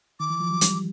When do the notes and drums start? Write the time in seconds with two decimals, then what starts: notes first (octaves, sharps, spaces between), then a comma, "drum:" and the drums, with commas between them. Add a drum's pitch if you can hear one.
0.20 D#3 D6
0.30 E3
0.40 F3
0.51 F#3
0.61 G3, drum: hi-hat